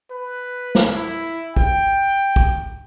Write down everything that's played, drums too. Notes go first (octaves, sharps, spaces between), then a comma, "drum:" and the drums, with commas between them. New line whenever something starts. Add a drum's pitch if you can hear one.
B4
drum: snare
E4
G5, drum: kick
drum: kick